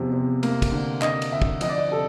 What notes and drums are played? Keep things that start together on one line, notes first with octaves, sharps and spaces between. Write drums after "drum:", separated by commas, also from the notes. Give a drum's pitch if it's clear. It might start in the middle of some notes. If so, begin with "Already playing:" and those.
Already playing: E2 C3 F3
C3
A#3, drum: cymbal
drum: kick, cymbal
D3
D3 D#5, drum: clap
drum: cymbal
D3 E5
drum: kick
F3 D#5, drum: cymbal
D5
D#5
C3 A4